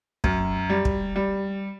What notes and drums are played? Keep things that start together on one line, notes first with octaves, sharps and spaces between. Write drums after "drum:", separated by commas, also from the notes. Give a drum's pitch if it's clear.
F#2, drum: kick
G3
drum: kick
G3